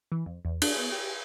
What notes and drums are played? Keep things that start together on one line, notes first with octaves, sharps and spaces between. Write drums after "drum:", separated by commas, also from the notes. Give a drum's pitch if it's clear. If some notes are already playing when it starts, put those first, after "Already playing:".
E3
F2
E2
D4, drum: cymbal
B3
G4